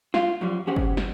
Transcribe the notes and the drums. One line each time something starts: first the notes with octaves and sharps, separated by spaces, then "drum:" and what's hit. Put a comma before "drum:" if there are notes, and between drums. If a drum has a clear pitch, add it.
F4, drum: snare
F#2 F3 G3
E2 C#4 G4 G#4 C5 F#5
drum: kick
drum: snare